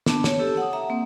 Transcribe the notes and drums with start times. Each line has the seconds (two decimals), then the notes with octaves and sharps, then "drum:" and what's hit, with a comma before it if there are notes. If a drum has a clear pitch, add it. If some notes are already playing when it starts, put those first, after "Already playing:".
0.06 B3 D4 A5, drum: snare
0.24 C#5 A5, drum: snare
0.39 G4 A4 E6
0.57 F#5 D#6
0.73 E5 A#5
0.90 A#3 C4